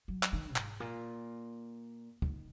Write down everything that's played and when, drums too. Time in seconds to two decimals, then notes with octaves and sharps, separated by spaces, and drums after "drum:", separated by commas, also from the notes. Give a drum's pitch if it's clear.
0.08 F#3
0.23 drum: clap
0.33 D#3
0.56 G#2, drum: clap
0.80 A#2
2.22 D#3, drum: kick